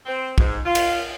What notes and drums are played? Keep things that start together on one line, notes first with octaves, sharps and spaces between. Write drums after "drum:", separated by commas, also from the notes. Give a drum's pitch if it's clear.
C4
G#2, drum: kick
F4
drum: cymbal